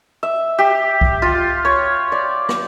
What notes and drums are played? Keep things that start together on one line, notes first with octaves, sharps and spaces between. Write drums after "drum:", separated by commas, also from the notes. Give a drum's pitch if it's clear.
E5
G4
drum: kick C2
F4
C#5
D5
drum: rim click